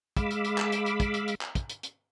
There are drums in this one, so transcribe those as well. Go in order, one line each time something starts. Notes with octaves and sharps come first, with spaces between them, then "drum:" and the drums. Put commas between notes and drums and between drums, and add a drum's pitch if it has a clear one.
G#3 F5 B5 D6 E6, drum: kick, hi-hat
drum: hi-hat
drum: hi-hat
drum: clap
drum: hi-hat
drum: hi-hat
drum: kick, hi-hat
drum: hi-hat
drum: hi-hat
drum: clap
drum: kick, hi-hat
drum: hi-hat
drum: hi-hat